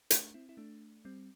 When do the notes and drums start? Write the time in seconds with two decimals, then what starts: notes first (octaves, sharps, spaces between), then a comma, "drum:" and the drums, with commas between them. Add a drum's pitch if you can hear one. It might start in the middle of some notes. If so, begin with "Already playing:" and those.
0.10 A3 D4, drum: hi-hat
0.34 C4 E4
0.49 E4
0.57 A3 D4
1.05 G3 C4